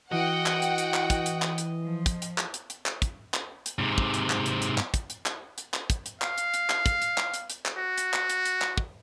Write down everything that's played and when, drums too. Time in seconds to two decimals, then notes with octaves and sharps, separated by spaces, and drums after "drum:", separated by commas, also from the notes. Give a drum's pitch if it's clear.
0.12 E3 F#4 D#5 F#5 G5
0.46 drum: clap
0.62 drum: hi-hat
0.78 drum: hi-hat
0.94 drum: clap
1.10 drum: kick, hi-hat
1.26 drum: hi-hat
1.42 drum: clap
1.58 drum: hi-hat
1.81 F3
2.06 drum: kick, hi-hat
2.22 drum: hi-hat
2.38 drum: clap
2.54 drum: hi-hat
2.70 drum: hi-hat
2.86 drum: clap
3.02 drum: kick, hi-hat
3.34 drum: clap
3.66 drum: hi-hat
3.79 G#2 C3
3.98 drum: kick
4.14 drum: hi-hat
4.30 drum: clap
4.46 drum: hi-hat
4.62 drum: hi-hat
4.78 drum: clap
4.94 drum: kick, hi-hat
5.10 drum: hi-hat
5.26 drum: clap
5.58 drum: hi-hat
5.74 drum: clap
5.90 drum: kick, hi-hat
6.06 drum: hi-hat
6.22 F5, drum: clap
6.38 drum: hi-hat
6.54 drum: hi-hat
6.70 drum: clap
6.86 drum: kick, hi-hat
7.02 drum: hi-hat
7.18 drum: clap
7.34 drum: hi-hat
7.50 drum: hi-hat
7.66 drum: clap
7.77 F#4
7.98 drum: hi-hat
8.14 drum: clap
8.30 drum: hi-hat
8.46 drum: hi-hat
8.62 drum: clap
8.77 drum: kick